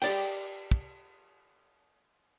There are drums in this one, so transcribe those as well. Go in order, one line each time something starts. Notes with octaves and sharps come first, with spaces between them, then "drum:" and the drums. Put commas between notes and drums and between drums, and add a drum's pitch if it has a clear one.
G4 D5 G5, drum: cymbal
drum: kick